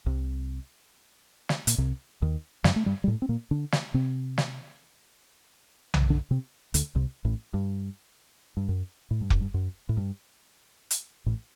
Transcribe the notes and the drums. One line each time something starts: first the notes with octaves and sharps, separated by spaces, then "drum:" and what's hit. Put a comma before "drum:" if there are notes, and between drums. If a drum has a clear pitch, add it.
C2 C3
drum: snare
A#2, drum: hi-hat
C2 C3
D#2 D#3
F#2 F#3, drum: snare
A3
G2 G3
G3
A2 A3
C4
A#2 A#3
D3 D4
drum: snare
C3 C4
drum: snare
drum: tom B1
D3 D4
C3 C4
D2 D3, drum: hi-hat
C2 C3
A1 A2
G2
G2
F#2
A2
G2
F#2, drum: kick F1
G2
F#2
A2
G2
drum: hi-hat
A1 A2